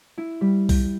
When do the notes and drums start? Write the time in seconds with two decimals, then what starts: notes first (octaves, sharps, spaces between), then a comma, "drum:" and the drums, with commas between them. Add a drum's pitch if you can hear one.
0.18 E4
0.41 G3
0.69 G6, drum: kick B1, open hi-hat